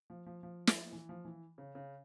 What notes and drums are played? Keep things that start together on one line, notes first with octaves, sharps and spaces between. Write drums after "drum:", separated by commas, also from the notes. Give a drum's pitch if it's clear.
F3
F3
F3
drum: snare
E3
F3
E3
C#3
C#3